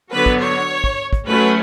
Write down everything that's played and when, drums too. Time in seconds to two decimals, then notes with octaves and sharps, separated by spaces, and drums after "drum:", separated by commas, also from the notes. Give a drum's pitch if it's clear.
0.12 D3 F#3 B3 B4
0.26 drum: kick
0.41 C#5
0.84 drum: kick
1.13 drum: kick
1.27 F#3 A3 C#4 B4